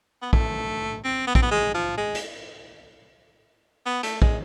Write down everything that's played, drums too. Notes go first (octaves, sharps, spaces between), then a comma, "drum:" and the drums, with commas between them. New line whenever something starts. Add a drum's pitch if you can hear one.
B3
A3, drum: kick A#1
C4
B3
C4, drum: kick A#1
B3
G#3
F3
G#3
drum: hi-hat
B3
A3, drum: hi-hat
G#3, drum: kick A#1